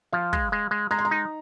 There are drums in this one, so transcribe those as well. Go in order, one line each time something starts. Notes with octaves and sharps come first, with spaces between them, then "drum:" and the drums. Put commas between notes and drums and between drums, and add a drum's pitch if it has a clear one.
F3 F5
G#3, drum: kick
G#3
G#3
G#3 A#5
C6
A#5
D#4